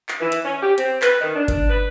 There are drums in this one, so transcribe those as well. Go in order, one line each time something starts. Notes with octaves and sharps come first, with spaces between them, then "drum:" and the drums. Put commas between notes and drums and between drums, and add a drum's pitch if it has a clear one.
drum: clap
E3
drum: hi-hat
C#4
G4
C4, drum: hi-hat
B4, drum: clap
D#3
D4
drum: kick G1, hi-hat
B4